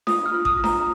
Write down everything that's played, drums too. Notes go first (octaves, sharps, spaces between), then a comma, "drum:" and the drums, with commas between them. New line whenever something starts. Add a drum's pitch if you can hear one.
F4 D#6, drum: snare D4
F6
F4
D#6, drum: kick G#1
F4
A#5, drum: snare D4